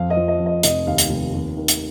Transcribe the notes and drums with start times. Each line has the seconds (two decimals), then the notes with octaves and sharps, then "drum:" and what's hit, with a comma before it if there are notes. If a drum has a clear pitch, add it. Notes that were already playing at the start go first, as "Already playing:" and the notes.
Already playing: F2 F5
0.10 D#5
0.17 F3
0.28 D#5
0.40 F2
0.46 D#5
0.63 F1 D#5, drum: hi-hat
0.87 D#2 F5
0.98 drum: hi-hat
1.10 F1
1.34 D#2
1.57 D#3
1.68 drum: hi-hat